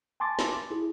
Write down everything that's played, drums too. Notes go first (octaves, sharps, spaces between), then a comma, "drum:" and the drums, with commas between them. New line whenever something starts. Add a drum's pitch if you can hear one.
G#5 A5 C6 D6 A6
drum: snare
E4 G#4